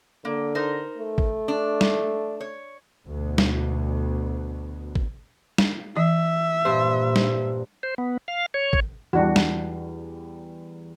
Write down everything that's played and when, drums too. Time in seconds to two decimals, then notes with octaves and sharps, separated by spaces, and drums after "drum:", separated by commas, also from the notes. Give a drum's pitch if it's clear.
0.25 D3 A#3
0.55 D#4 A#4 C5
0.98 A3
1.18 drum: kick
1.48 D4
1.81 drum: snare
2.41 C#5
3.07 D2 B2
3.38 drum: snare
4.95 drum: kick
5.58 drum: snare
5.97 E3 E5
6.65 G2 A#2 C5
7.16 drum: snare
7.83 C5
7.98 B3
8.28 F5
8.54 C#5
8.73 drum: kick
9.13 E2 G3 D4 F#4
9.36 drum: snare